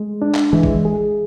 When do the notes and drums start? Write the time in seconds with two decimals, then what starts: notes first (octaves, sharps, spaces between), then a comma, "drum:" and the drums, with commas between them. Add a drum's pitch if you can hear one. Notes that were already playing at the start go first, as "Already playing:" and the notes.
Already playing: G#3
0.22 D4
0.35 drum: clap
0.53 E3 G#3
0.63 drum: kick A1
0.85 G#4